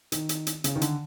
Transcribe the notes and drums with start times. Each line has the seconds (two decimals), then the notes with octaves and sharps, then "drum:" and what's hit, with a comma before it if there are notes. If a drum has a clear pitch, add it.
0.12 D#3, drum: hi-hat
0.29 drum: hi-hat
0.47 drum: hi-hat
0.64 C#3, drum: hi-hat
0.76 D#3
0.82 D3, drum: hi-hat